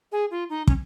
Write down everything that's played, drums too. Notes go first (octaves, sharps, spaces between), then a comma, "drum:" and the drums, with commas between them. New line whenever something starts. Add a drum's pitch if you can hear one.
G#4
F4
D#4
C#4, drum: kick